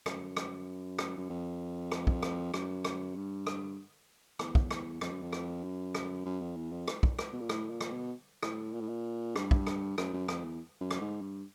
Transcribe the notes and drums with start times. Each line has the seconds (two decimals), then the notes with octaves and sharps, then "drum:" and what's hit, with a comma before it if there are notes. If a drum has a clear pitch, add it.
0.06 F#2, drum: rim click
0.37 drum: rim click
0.99 drum: rim click
1.18 F#2
1.30 F2
1.92 drum: rim click
2.07 drum: kick
2.23 drum: rim click
2.54 F#2, drum: rim click
2.85 drum: rim click
3.15 G2
3.47 drum: rim click
4.39 E2, drum: rim click
4.55 drum: kick
4.71 drum: rim click
5.01 F2, drum: rim click
5.11 F#2
5.22 F2
5.33 drum: rim click
5.63 F#2
5.95 drum: rim click
6.25 F#2
6.41 F2
6.56 E2
6.72 F2
6.88 drum: rim click
7.03 drum: kick
7.19 drum: rim click
7.33 B2
7.41 A#2
7.49 A2, drum: rim click
7.70 A#2
7.81 drum: rim click
7.91 B2
8.43 A2, drum: rim click
8.73 A#2
8.81 A2
8.88 A#2
9.36 G2, drum: rim click
9.51 drum: kick
9.67 drum: rim click
9.98 F#2, drum: rim click
10.13 F#2
10.28 F2, drum: rim click
10.44 E2
10.81 F#2
10.91 drum: rim click
11.01 G#2
11.22 G2